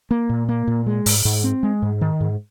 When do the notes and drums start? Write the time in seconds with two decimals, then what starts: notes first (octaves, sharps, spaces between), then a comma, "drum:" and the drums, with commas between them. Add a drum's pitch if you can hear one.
0.11 A#3
0.29 A#2
0.49 A#3
0.67 A#2
0.86 G#3
1.06 G#2, drum: open hi-hat
1.25 G#2
1.44 C4
1.63 G#3
1.82 G#2
2.01 D#3
2.21 G#2